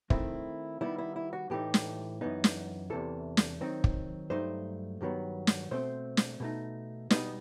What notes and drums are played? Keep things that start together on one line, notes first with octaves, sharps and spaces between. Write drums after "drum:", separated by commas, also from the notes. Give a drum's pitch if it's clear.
D#3 A3 C4 E4, drum: kick
D#3 G3 B3 D#4 E4
E4
E4
F#4
A2 E3 A3 D#4 G4
drum: snare
F#2 E3 B3 D#4
drum: snare
E2 C3 E3 A4
drum: snare
D#3 F#3 C4 D#4
drum: kick
G2 F#3 A3 D#4 C5
G2 D#3 F#3 B3
drum: snare
B2 A3 C4 C5
drum: snare
B2 A3 D#4
B2 G3 B3 D#4 D#5, drum: snare